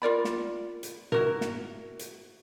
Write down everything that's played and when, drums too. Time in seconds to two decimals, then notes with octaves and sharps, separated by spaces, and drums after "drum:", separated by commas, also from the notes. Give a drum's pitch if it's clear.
0.02 F4 A#4 D5 B5
0.25 drum: snare
0.83 drum: hi-hat
1.12 E4 F#4 A#4, drum: tom
1.41 drum: snare
1.99 drum: hi-hat